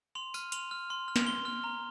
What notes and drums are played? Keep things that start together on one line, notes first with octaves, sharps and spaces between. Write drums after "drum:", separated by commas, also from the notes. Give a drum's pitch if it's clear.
C6 F7
F6 D#7, drum: tambourine
C6 F7, drum: hi-hat
F6
C6
F6
F7, drum: snare
C6 G7
F6
A#5